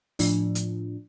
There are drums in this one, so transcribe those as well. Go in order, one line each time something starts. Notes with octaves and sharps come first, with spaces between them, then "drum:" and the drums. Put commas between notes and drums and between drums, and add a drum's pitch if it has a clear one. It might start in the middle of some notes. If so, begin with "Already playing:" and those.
A2 F3 D4, drum: open hi-hat
drum: hi-hat